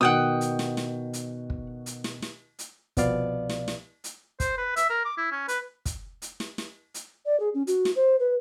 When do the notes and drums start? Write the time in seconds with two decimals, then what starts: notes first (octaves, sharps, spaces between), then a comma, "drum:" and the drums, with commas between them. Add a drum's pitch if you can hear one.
0.01 B2 D#3 F#4 F#5 G5 D#6
0.41 drum: hi-hat
0.59 drum: snare
0.77 drum: snare
1.13 drum: hi-hat
1.50 drum: kick
1.86 drum: hi-hat
2.04 drum: snare
2.22 drum: snare
2.59 drum: hi-hat
2.97 C2 B2 F3 B3 D5 F5, drum: kick, hi-hat
3.49 drum: snare
3.68 drum: snare
4.04 drum: hi-hat
4.40 C5, drum: kick, hi-hat
4.58 B4
4.76 E5, drum: hi-hat
4.90 A#4
5.05 D6
5.18 E4
5.32 C#4
5.48 B4, drum: hi-hat
5.85 drum: kick, hi-hat
6.22 drum: hi-hat
6.40 drum: snare
6.58 drum: snare
6.94 drum: hi-hat
7.26 D5
7.40 G#4
7.54 C#4
7.67 F#4, drum: hi-hat
7.85 drum: snare
7.96 C5
8.20 B4